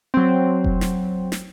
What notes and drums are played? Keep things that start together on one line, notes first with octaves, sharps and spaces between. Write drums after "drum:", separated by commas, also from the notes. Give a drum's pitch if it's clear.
F#3 C4
drum: kick F1
drum: snare
drum: snare